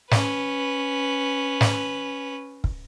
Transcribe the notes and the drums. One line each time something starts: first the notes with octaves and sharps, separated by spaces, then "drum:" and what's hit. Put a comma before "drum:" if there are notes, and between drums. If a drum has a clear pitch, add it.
C#4 B4, drum: snare
drum: snare
drum: kick